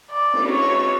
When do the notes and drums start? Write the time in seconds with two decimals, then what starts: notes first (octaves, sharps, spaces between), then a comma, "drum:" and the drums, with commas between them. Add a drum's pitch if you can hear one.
0.11 D5
0.33 drum: cymbal
0.52 C#5